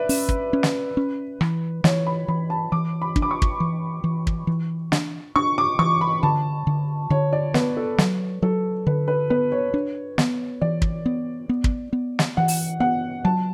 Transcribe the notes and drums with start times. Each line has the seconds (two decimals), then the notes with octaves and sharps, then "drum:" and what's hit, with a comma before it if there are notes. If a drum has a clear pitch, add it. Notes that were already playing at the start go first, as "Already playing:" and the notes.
Already playing: B4 D5 E5
0.09 C#4, drum: open hi-hat
0.29 drum: kick
0.53 C#4
0.63 drum: snare
0.97 C#4
1.41 E3, drum: rim click
1.84 E3 C#5, drum: snare
2.07 B5
2.28 E3 B5
2.50 A5
2.72 E3 D6
3.02 B5
3.16 D4, drum: kick
3.22 D6
3.31 C#6
3.42 drum: kick
3.60 E3
4.04 E3
4.27 drum: kick
4.47 E3
4.92 D4, drum: snare
5.36 D4 C#6
5.58 D6
5.79 E3 C#6
6.01 B5
6.23 D3 A5
6.67 D3
7.10 D3 C#5
7.33 D5
7.54 B3 B4, drum: snare
7.77 A4
7.98 F#3, drum: snare
8.42 F#3 A4
8.87 D3 B4
9.08 B4
9.30 B3 B4
9.52 C#5
9.74 D4
10.18 B3, drum: snare
10.61 E3 D5
10.82 drum: kick
11.06 B3
11.49 B3
11.64 drum: kick
11.93 B3
12.19 drum: snare
12.37 E3 F#5
12.48 drum: open hi-hat
12.80 B3 F#5
13.25 F#3 A5